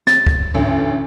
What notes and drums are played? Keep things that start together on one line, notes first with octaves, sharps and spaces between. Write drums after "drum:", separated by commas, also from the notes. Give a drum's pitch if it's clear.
A6, drum: snare
drum: kick
A1 D2